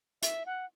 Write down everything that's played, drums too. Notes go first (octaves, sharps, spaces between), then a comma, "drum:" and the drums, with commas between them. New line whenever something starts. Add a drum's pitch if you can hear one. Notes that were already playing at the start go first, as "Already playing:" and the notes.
E5, drum: hi-hat
F#5